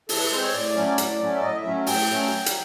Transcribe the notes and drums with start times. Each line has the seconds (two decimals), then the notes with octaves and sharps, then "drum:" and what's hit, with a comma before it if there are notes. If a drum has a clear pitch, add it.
0.09 E3 A4, drum: open hi-hat
0.20 B4
0.31 G#3 C4 C5
0.42 C#5
0.53 A2 D5
0.76 F#3 A3 C#4
0.98 A2, drum: hi-hat
1.20 F#3 A3 C#4
1.34 E5
1.42 A2 D#5
1.57 E5
1.65 F#3 A3 C#4
1.86 A2 G5, drum: open hi-hat
2.09 F#3 A3 C#4
2.31 F#3
2.46 drum: hi-hat